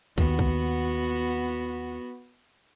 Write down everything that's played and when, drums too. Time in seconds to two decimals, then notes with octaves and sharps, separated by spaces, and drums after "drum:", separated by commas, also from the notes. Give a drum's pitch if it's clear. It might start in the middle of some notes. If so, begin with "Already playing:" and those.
0.18 D#2 B3 F#4, drum: kick
0.39 drum: kick